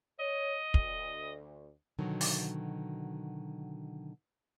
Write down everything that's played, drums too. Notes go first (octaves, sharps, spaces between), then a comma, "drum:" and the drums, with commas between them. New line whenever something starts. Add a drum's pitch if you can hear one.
C#5 D#5
D2, drum: kick
B2 D3 D#3 F#3
drum: open hi-hat